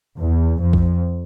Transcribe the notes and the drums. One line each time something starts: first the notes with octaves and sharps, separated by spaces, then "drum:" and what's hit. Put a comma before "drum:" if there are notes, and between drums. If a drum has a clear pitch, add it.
E2
F2
drum: kick A#1